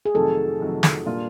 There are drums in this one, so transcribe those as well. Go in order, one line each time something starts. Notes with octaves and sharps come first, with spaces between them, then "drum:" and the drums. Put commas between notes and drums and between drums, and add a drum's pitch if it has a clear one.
G#4
F2 C3 D#3 F#3 A3 A4
F2 C3 D#3 F#3 A3
drum: snare
A#2 G3 A#3 D4 F4